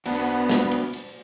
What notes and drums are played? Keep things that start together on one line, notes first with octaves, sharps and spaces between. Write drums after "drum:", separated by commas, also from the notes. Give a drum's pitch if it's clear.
B3 D4 F#4, drum: cymbal
drum: snare
drum: cymbal
drum: cymbal